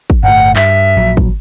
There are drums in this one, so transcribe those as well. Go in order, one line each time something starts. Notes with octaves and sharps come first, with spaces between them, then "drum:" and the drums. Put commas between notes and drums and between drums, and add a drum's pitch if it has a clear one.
drum: kick
G1 A2 F#5
G2 E5, drum: clap
A#1 F#3
drum: kick